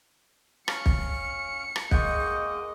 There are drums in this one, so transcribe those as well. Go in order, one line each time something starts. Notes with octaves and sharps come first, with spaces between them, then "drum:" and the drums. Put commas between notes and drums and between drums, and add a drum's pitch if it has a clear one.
C#4 F5 C#7, drum: rim click
drum: kick
drum: rim click
G#3 A#3 G#4 D#5 F#5 G5 C#6, drum: kick